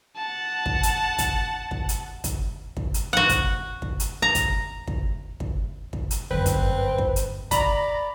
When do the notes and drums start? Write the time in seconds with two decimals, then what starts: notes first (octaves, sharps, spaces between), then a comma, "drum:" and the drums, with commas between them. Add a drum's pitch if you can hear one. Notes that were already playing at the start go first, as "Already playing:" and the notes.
0.16 F#5 A5
0.66 drum: kick
0.83 drum: hi-hat
1.18 drum: kick, hi-hat
1.71 drum: kick
1.89 drum: hi-hat
2.24 drum: kick, hi-hat
2.77 drum: kick
2.94 drum: hi-hat
3.13 F#4 F#5
3.29 drum: kick, hi-hat
3.82 drum: kick
4.00 drum: hi-hat
4.22 A#5
4.35 drum: kick, hi-hat
4.87 drum: kick
5.40 drum: kick
5.93 drum: kick
6.11 drum: hi-hat
6.31 G1 F#2 C4 B4
6.46 drum: kick, hi-hat
6.98 drum: kick
7.16 drum: hi-hat
7.51 D5 A#5 B5, drum: kick, hi-hat